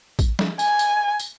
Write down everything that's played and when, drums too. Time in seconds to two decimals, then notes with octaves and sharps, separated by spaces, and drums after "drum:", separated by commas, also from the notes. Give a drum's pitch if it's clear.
0.19 drum: kick A1, tambourine
0.39 drum: snare
0.59 G#5, drum: tambourine
0.79 drum: tambourine
1.19 drum: tambourine